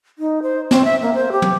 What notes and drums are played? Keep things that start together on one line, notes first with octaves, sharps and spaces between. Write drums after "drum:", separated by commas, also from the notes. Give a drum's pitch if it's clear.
D#4
C5
C4, drum: snare
E5
A#3
C5
G4
drum: tom